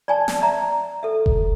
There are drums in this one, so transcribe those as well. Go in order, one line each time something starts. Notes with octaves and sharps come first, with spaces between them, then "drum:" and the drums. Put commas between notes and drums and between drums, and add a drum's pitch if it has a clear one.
D5 G#5 A5
drum: snare
D5 E5 A#5
A4 E5
drum: kick F1